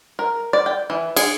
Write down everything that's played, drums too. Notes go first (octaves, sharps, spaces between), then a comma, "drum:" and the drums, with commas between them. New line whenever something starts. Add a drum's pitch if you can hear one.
A#4
D5
G5
E3
G#4, drum: cymbal